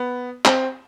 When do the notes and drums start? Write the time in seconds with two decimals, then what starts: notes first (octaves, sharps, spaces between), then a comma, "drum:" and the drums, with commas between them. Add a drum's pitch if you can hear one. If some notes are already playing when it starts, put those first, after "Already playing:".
Already playing: B3
0.45 C4, drum: clap